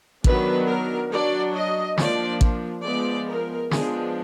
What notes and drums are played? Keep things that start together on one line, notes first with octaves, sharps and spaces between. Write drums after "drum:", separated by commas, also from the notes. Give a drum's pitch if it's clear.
D#3 F#3 B3 D4 B4, drum: kick
A#4
F#3 D4 D5
D#5
F3 A#3 D4 D5, drum: snare
drum: kick
F3 G#3 B3 D5
A#4
F3 G#3 B3 D4 G#4, drum: snare